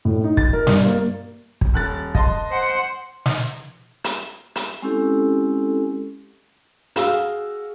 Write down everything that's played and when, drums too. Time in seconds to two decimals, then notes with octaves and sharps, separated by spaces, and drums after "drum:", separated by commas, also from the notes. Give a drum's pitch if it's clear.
0.05 A2
0.24 D#4
0.37 A6, drum: kick
0.53 A#4
0.67 G2, drum: snare
0.85 A#3
1.61 drum: kick
1.74 D#1 F#6 A6
2.15 D#5 A5 C6, drum: kick
2.50 C5 F#5
3.26 drum: snare
4.04 drum: hi-hat
4.56 drum: hi-hat
4.82 G#3 C4 C#4 E4 G4 A4
6.96 F#4 G#4 F5 E6, drum: hi-hat